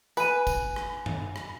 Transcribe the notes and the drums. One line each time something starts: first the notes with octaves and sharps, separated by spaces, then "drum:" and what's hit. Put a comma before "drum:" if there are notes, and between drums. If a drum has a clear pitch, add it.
B4 G#5 D#7, drum: tambourine
drum: kick, tambourine
drum: rim click
drum: tom F#2
drum: rim click